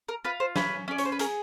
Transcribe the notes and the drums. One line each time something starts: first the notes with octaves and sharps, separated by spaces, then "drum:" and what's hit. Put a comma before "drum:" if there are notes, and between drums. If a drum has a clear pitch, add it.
A#4
F4 B4
C5
C#4 B4, drum: snare
C#4 D5
C#5, drum: hi-hat
C5
B4
G#4 A#4, drum: hi-hat